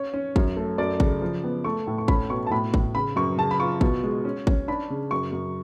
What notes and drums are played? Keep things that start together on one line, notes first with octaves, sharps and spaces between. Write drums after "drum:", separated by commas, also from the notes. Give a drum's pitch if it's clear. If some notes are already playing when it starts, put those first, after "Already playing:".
Already playing: C#4 C#5
C#4
F#2, drum: kick G#1
A3
F#2 D5
C#3, drum: kick G#1
F3
B3
A3 C#6
A2
C#6
C#4 B5, drum: kick G#1
B2 C#6
A5
A2 B5
A2, drum: kick G#1
C#3 B5
F#2 C#6
C#3 A5
B5
F4 C#6
B2, drum: kick G#1
G#3
C#4
C#4, drum: kick G#1
D4 B5
C#3
F#2 C#6
F#2